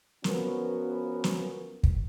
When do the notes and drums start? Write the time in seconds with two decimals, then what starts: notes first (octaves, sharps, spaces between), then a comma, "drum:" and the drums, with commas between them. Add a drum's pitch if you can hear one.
0.24 F3 B3 C#4 F#4 A#4 B4, drum: snare
1.24 drum: snare
1.83 drum: kick